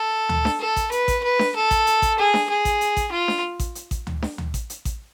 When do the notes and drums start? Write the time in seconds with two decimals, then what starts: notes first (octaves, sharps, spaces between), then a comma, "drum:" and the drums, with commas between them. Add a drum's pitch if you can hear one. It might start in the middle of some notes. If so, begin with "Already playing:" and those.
Already playing: A4
0.29 drum: tom D2
0.45 drum: snare D4
0.60 A4
0.76 drum: kick A1, hi-hat
0.92 B4, drum: hi-hat
1.08 drum: kick A1, hi-hat
1.23 B4
1.39 drum: snare D4
1.56 A4
1.71 drum: kick A1, hi-hat
1.87 drum: hi-hat
2.02 drum: kick A1, hi-hat
2.19 G#4
2.34 drum: snare D4
2.50 G#4
2.65 drum: kick A1, hi-hat
2.81 drum: hi-hat
2.97 drum: kick A1, hi-hat
3.12 F4
3.28 drum: snare D4
3.60 drum: kick A1, hi-hat
3.75 drum: hi-hat
3.91 drum: kick A1, hi-hat
4.07 drum: tom D2
4.22 drum: snare D4
4.38 drum: tom D2
4.54 drum: kick A1, hi-hat
4.70 drum: hi-hat
4.85 drum: kick A1, hi-hat